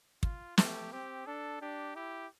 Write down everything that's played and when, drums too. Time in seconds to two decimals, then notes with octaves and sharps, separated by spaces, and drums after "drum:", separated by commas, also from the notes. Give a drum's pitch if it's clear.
0.23 F4, drum: kick
0.58 A3 G4, drum: snare
0.92 C4 G4
1.26 D4 A4
1.61 D4 G4
1.96 E4 G4